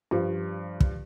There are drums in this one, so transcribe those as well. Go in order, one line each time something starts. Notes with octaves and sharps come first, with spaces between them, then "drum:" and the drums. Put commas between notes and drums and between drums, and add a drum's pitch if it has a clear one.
G2 F3
drum: kick